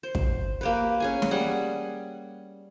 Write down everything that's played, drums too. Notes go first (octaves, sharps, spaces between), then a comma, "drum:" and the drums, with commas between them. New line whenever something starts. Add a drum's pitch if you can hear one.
C5
drum: kick
A#3 G4 B4
C#4 G#4 G#5
drum: snare
G3 G#4 F#5